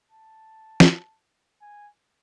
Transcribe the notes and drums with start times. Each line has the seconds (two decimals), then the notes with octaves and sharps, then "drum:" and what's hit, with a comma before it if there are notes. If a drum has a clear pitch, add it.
0.11 A5
0.80 drum: snare
1.62 G#5